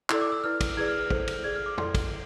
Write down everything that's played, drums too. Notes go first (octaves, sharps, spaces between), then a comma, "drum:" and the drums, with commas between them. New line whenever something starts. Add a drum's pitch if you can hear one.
E4 A4 D5 E6, drum: clap
D6
E6
E4 B4 D5 F6
drum: kick, cymbal
E4 G#4 B4 D5 G#6
F6
F6
E4 A4 C5, drum: kick
drum: cymbal
G#4 D5 G#6
F6
D6
E4 A4 D5 C6, drum: tom
drum: kick, cymbal